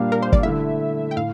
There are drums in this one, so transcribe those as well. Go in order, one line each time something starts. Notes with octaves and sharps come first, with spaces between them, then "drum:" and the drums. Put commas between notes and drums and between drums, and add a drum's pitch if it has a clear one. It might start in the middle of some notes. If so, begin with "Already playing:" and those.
Already playing: A#2 G3 A#3 D4 G4 F5
A#4
C5
D5, drum: kick
D3 A3 E4 E5
G5
A2 F5